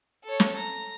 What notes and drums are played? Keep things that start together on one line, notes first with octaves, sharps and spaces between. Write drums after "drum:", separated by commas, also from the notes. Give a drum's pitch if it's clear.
A4 C#5
drum: snare
A#5